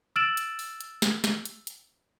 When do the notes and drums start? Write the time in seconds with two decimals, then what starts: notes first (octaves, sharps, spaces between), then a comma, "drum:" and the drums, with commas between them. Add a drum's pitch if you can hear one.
0.16 E6 F6 A6 D7 E7 F#7
0.37 drum: hi-hat
0.59 drum: open hi-hat
0.81 drum: hi-hat
1.02 drum: snare
1.24 drum: snare
1.45 drum: hi-hat
1.67 drum: hi-hat